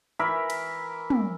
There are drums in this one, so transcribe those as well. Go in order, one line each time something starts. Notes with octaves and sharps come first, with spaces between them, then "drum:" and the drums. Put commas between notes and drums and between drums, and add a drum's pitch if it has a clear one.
E3 A#4 E5 B5
drum: cymbal
drum: tom